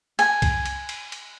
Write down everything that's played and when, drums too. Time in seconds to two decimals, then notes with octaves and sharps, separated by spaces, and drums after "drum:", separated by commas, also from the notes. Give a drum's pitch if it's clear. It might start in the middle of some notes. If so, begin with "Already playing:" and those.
0.19 G#5, drum: cymbal
0.42 drum: kick C2, cymbal
0.66 drum: cymbal
0.89 drum: cymbal
1.12 drum: cymbal